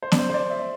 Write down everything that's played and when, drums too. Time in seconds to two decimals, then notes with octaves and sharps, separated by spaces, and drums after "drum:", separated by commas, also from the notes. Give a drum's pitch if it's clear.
0.03 C5
0.12 D5, drum: snare B3
0.19 C5
0.30 C5
0.34 D5
0.50 E5